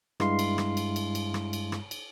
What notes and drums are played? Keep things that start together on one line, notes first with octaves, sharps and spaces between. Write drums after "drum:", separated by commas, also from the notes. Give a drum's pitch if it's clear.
G2 G#3 E4 F5 C6 C7, drum: rim click
drum: cymbal
drum: rim click
drum: cymbal
drum: cymbal
drum: cymbal
drum: rim click
drum: cymbal
drum: rim click
drum: cymbal